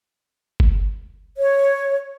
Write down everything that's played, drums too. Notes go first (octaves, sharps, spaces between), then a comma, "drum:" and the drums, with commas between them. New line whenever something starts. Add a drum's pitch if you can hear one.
drum: kick G1
C#5